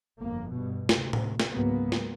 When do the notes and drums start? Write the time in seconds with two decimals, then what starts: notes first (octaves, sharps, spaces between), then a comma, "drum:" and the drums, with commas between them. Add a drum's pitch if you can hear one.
0.20 G1 F2 A#3
0.50 G2 B2
0.89 D2 C3, drum: snare
1.13 drum: tom A2
1.40 drum: snare
1.53 C#2 G#2 F#3 A#3 B3
1.92 drum: snare